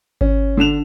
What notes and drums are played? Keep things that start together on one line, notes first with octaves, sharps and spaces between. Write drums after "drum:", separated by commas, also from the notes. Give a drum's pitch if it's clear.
C#4, drum: kick G#1
D3 D4 E7 F7